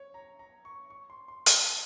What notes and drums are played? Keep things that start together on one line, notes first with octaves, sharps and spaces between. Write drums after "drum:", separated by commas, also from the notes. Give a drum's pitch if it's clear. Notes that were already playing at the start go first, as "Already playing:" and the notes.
Already playing: C#5
A#5
A#5
C#6
C#6
C6
C6
A#5, drum: hi-hat
A5